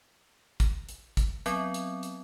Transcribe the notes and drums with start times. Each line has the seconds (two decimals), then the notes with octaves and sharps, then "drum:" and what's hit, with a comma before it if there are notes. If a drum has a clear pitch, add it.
0.60 drum: kick, hi-hat
0.89 drum: hi-hat
1.17 drum: kick, hi-hat
1.46 F#3 B3 C4, drum: hi-hat
1.74 drum: hi-hat
2.03 drum: hi-hat